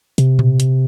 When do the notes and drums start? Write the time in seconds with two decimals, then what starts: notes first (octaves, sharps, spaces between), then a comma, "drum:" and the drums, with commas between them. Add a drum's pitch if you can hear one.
0.18 C3, drum: hi-hat
0.39 drum: tom A#2
0.60 drum: hi-hat